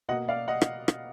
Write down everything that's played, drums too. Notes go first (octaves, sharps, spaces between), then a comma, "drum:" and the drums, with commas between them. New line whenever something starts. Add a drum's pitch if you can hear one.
B2 A#3 D#5 F#5
D5 F5
D#5 F#5
drum: rim click
drum: rim click